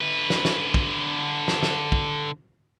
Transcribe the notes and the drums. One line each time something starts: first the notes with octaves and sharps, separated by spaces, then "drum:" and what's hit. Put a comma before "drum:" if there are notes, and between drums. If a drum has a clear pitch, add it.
D3 B4
drum: snare
drum: snare
drum: kick
drum: snare
drum: snare
drum: kick